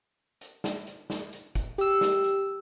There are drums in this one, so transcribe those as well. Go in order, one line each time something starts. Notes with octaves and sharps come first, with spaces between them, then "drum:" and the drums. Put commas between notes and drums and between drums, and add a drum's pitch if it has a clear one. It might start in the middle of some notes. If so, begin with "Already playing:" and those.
drum: hi-hat
drum: snare
drum: hi-hat
drum: snare
drum: hi-hat
drum: kick, hi-hat
G4 E6, drum: hi-hat
drum: snare
drum: hi-hat